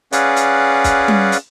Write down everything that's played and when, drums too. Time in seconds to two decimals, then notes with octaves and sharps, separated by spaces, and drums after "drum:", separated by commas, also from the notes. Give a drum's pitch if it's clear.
0.12 C#4 G#4 B4 D5 F5 F#5, drum: hi-hat
0.36 drum: hi-hat
0.84 drum: kick, hi-hat
1.08 drum: tom G3
1.32 drum: hi-hat